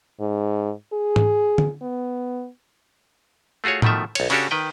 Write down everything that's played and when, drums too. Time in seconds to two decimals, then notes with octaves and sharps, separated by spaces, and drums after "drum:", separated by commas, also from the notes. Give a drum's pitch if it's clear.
0.20 G#2
0.93 G#4
1.16 drum: tom G#2
1.58 drum: tom D3
1.82 B3
3.64 A3 F4 F#4 G#4 C#5
3.82 B2 D#3 F3 A3 E5, drum: tom A2
4.15 B1 C#5, drum: cymbal
4.30 C#3 C#4 D4 F#4 G4 A4, drum: open hi-hat
4.51 D#3 B4 G5